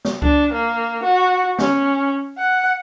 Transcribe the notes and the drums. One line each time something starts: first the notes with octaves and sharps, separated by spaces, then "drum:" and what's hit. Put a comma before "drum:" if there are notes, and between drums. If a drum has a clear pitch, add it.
drum: snare
D4, drum: kick C#2
A#3
F#4
C#4, drum: snare
F#5